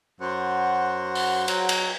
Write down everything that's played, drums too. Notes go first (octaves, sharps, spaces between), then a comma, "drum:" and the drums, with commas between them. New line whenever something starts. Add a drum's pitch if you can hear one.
F#2 F#4 C5 F#5
drum: open hi-hat
F#3, drum: cymbal
drum: cymbal